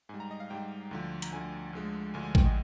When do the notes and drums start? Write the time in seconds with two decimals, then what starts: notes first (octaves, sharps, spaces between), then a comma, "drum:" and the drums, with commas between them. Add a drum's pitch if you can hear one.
0.09 G#2 G3 G#5
0.20 A#5
0.31 D#5
0.40 F5
0.50 G#2 G3 G5
0.91 D2 D3 F3
1.22 A#5, drum: hi-hat
1.32 D2 D3 F3 G#5
1.73 D2 D3 F3 G#3
2.14 D2 D3 F3 G#3 G#5
2.24 G#5
2.35 G5, drum: kick A1
2.46 D#5